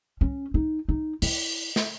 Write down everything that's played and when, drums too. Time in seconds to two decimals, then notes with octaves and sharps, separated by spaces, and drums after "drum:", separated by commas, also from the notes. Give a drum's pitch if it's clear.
0.21 C#4
0.54 D#4
0.89 D#4
1.22 E4, drum: open hi-hat
1.76 drum: snare